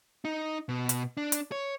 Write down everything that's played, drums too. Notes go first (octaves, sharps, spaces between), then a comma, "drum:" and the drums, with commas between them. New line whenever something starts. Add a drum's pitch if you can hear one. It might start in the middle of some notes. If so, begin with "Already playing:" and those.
D#4
B2
drum: hi-hat
D4
drum: hi-hat
C#5